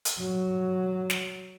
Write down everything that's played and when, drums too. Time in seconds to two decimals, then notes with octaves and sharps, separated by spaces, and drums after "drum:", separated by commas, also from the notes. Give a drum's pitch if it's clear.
0.05 drum: hi-hat
0.19 F#3
1.10 drum: snare